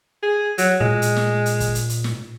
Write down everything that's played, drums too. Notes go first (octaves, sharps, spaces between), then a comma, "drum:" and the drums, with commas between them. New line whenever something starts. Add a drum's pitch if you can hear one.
G#4
F#3, drum: hi-hat
A#2 G#3
drum: hi-hat
drum: snare
drum: hi-hat
drum: kick, hi-hat
drum: hi-hat
drum: hi-hat
drum: snare